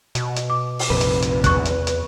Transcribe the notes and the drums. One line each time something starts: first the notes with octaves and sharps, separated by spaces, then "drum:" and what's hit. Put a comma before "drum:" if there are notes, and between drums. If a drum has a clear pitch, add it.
B2, drum: hi-hat
drum: hi-hat
D6
drum: open hi-hat
A#1 F2 C3 B4
drum: hi-hat
drum: hi-hat
E2 C#6 F#6, drum: kick, hi-hat
drum: hi-hat
drum: hi-hat